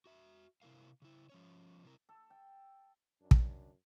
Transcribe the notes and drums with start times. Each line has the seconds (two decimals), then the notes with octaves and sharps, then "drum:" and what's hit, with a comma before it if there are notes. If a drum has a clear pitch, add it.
0.06 F#4 E5
0.62 C3 E4 G#4 A#4 F5
1.02 C#3 E4
1.29 F3 C#4 C#5
1.85 C3 C4 E4 A#4
2.09 A4
2.30 G5
3.22 F#2 D4
3.31 drum: kick